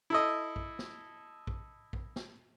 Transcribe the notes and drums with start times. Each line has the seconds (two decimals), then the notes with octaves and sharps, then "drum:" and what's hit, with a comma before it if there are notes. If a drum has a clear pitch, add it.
0.10 E4 A4 D#5
0.56 drum: kick A#1
0.79 drum: snare
1.47 drum: kick A#1
1.93 drum: kick A#1
2.16 drum: snare